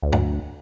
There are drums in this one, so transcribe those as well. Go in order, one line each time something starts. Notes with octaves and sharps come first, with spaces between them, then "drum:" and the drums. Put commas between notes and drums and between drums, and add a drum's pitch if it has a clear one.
D2
drum: tom